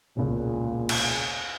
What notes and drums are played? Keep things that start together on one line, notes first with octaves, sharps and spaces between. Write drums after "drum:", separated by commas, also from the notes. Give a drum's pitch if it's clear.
E1 C#2 A#2
drum: cymbal